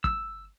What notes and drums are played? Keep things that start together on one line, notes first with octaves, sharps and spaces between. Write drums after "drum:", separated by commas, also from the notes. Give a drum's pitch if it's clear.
E6, drum: kick